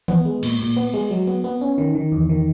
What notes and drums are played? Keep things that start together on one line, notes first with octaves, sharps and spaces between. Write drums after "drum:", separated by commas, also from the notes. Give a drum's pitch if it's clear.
B3, drum: tom D#3
G#3
A#2, drum: cymbal
A#2
B3
G#3
F#3
B3
B3
C#4
D#3
D#3
E2
D#3